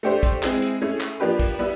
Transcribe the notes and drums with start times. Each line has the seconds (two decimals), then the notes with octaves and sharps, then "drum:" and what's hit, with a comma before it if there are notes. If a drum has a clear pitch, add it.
0.03 A3 D4 G4 C5
0.23 drum: kick, hi-hat
0.43 G#3 C4 E4 G#4, drum: clap
0.62 drum: hi-hat
0.81 A3 C#4 E4 G#4
1.01 drum: clap
1.20 F3 A#3 D4 G4 B4
1.39 drum: kick, open hi-hat
1.59 G3 B3 E4